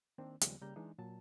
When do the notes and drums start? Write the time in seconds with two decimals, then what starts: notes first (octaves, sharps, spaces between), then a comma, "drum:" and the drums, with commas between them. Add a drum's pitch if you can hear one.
0.18 D#3 A#3 C4 D4
0.41 D#2 C#3 F3 G3 G#3 B3, drum: hi-hat
0.62 C#3 G3 A#3 A#5 G6
0.76 E3 G#3 D4 D#4
0.98 A#2 F#3 A5